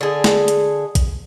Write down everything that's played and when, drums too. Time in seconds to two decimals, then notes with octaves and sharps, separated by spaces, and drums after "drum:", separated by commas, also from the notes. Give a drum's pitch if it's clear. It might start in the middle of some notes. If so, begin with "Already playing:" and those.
0.01 D3 G#4
0.24 drum: snare
0.48 drum: hi-hat
0.95 drum: kick A#1, hi-hat